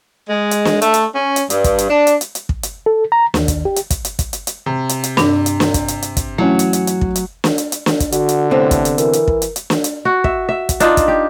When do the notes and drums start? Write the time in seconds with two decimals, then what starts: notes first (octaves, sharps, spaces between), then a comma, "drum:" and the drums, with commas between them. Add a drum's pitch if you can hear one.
0.29 G#3
0.51 drum: hi-hat
0.65 drum: snare
0.82 A3, drum: hi-hat
0.94 drum: hi-hat
1.15 C#4
1.36 drum: hi-hat
1.50 G2, drum: hi-hat
1.64 drum: kick, hi-hat
1.78 drum: hi-hat
1.89 D4
2.07 drum: hi-hat
2.21 drum: hi-hat
2.35 drum: hi-hat
2.49 drum: kick
2.63 drum: hi-hat
2.86 A4
3.12 A#5
3.34 D#2, drum: snare
3.48 drum: kick, hi-hat
3.65 G4
3.76 drum: hi-hat
3.90 drum: kick, hi-hat
4.05 drum: hi-hat
4.19 drum: kick, hi-hat
4.33 drum: hi-hat
4.47 drum: hi-hat
4.66 C3
4.89 drum: hi-hat
5.04 drum: hi-hat
5.17 G2 D4, drum: snare
5.46 drum: hi-hat
5.60 drum: snare
5.74 drum: kick, hi-hat
5.88 drum: hi-hat
6.02 drum: hi-hat
6.17 drum: kick, hi-hat
6.38 E3 F#3 A3 C#4 F#4
6.59 drum: hi-hat
6.73 drum: hi-hat
6.87 drum: hi-hat
7.01 drum: kick
7.16 drum: hi-hat
7.44 drum: snare
7.58 drum: hi-hat
7.72 drum: hi-hat
7.86 drum: snare
8.00 drum: kick, hi-hat
8.12 D3 F#4, drum: hi-hat
8.29 drum: hi-hat
8.51 A2 C3 B3 C4
8.71 drum: kick, hi-hat
8.85 drum: hi-hat
8.98 E3 A#4, drum: hi-hat
9.13 drum: hi-hat
9.27 drum: kick
9.42 drum: hi-hat
9.56 drum: hi-hat
9.70 drum: snare
9.84 drum: hi-hat
10.05 F#4
10.24 E5, drum: kick
10.49 E5
10.69 drum: kick, hi-hat
10.80 D4 D#4 F4, drum: hi-hat
10.97 drum: kick, hi-hat
11.08 G4